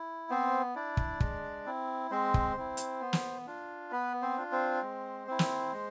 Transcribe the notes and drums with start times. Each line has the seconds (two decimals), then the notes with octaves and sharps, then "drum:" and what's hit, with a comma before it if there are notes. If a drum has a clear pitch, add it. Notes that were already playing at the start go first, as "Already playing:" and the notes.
Already playing: E4
0.30 B3 C4 C5
0.75 D4 E4 D5
0.97 drum: kick
1.20 G#3, drum: kick
1.66 C4 E4
2.11 G#3 C4 C5
2.34 drum: kick
2.57 C4 E4
2.77 drum: hi-hat
3.01 B3
3.13 drum: snare
3.47 D4 F4
3.92 B3 B4
4.22 C4 C5
4.37 D4 F4
4.52 C4 C5
4.82 G#3
5.28 C4 E4
5.39 drum: snare
5.72 G#3